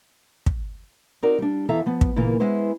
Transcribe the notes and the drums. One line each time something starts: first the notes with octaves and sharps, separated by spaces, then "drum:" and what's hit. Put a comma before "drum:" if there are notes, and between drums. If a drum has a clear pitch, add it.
drum: kick
C4 D#4 F#4 A#4 D5
G3 D4
E2 E3 A4 E5 F5 A#5
F3 B3
drum: kick
A#2 C#3 E3 A#3 A#4
G#3 B3 C#4 E4 C5